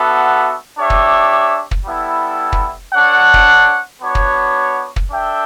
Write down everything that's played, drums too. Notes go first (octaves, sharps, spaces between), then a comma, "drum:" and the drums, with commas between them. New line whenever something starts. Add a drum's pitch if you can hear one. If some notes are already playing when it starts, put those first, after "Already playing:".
Already playing: B3 D4 F#4 A4 E5
D4 G4 C#5 E5
drum: kick
drum: kick
G3 B3 E4 A4
drum: kick
D4 A4 C#5 F#5
drum: kick
B3 D4 F#4 C#5
drum: kick
drum: kick
D4 A4 E5 G5